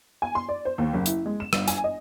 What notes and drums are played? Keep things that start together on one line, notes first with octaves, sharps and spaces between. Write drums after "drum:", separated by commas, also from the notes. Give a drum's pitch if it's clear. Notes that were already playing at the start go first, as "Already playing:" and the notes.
G#5
C6
D5
C5
D#2
F#1
E4, drum: hi-hat
G#3
E7
G1, drum: rim click
G#5, drum: hi-hat
D#5